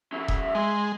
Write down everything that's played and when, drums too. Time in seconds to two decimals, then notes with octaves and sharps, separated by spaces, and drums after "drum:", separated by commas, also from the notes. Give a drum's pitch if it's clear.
0.13 F3 C#4 E5
0.28 drum: kick E1
0.55 G#3 C6